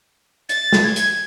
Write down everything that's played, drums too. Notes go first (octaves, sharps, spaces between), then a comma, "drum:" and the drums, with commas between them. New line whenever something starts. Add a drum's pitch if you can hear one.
A6, drum: hi-hat
drum: snare
G#6
drum: hi-hat